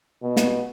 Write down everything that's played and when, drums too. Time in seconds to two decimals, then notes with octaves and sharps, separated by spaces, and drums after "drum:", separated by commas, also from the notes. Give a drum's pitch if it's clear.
0.22 B2
0.37 drum: snare